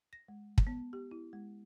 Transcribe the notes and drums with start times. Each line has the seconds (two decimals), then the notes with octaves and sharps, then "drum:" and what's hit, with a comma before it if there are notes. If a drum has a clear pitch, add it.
0.13 A#6
0.28 G#3
0.58 drum: kick
0.67 B3
0.93 G4
1.11 E4
1.33 G#3